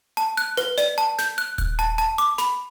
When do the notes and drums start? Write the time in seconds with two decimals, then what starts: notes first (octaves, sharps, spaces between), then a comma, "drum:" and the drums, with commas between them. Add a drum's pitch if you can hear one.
0.17 A5, drum: hi-hat
0.37 F#6, drum: hi-hat
0.57 B4, drum: hi-hat
0.78 D5, drum: snare
0.98 A5, drum: hi-hat
1.19 G6, drum: snare
1.38 F#6, drum: hi-hat
1.58 F#6, drum: kick D#1, hi-hat
1.79 A5, drum: hi-hat
1.98 A5, drum: hi-hat
2.18 D6, drum: hi-hat
2.38 B5, drum: snare